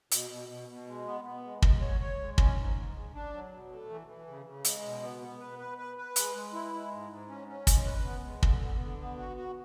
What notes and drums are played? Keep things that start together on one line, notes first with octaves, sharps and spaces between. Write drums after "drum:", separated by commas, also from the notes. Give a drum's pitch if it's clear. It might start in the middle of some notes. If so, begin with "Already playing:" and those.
B2, drum: hi-hat
B2
B2
B2
G#3
B3
B3
G#3
G#3, drum: kick
C#5
C#5
G#3
C#4, drum: kick
G#2
G#2
G#3
D4
F#3
B2
A3
E3
E3
C#3
C#3
G#3, drum: hi-hat
B2
B3
B3
B4
B4
B4
B4
G#3, drum: hi-hat
G#3
E4
G#3
G#2
G#2
C#4
C#4
G#3, drum: kick, hi-hat
B4
B3
G#3
D3, drum: kick
B3
D3
B3
F#4
F#4